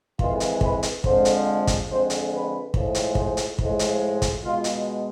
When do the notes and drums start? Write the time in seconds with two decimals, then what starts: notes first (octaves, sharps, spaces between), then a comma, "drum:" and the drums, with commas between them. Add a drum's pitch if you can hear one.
0.19 F2 E3 G#3 F4, drum: kick
0.40 drum: hi-hat
0.61 B4, drum: kick
0.83 drum: hi-hat
1.04 F2 D3 F3 G#3 C5, drum: kick
1.25 drum: hi-hat
1.67 drum: kick, hi-hat
1.88 F2 D3 G#3 C5
2.10 drum: hi-hat
2.31 B4
2.74 A2 F3 G#3, drum: kick
2.95 drum: hi-hat
3.15 C5, drum: kick
3.37 drum: hi-hat
3.59 A2 F3 G#3, drum: kick
3.79 drum: hi-hat
4.22 drum: kick, hi-hat
4.43 B2 G#3 F4
4.64 drum: hi-hat